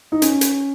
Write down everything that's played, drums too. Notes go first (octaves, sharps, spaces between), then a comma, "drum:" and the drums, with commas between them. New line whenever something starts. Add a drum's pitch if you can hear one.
D#4
C#4, drum: hi-hat
drum: hi-hat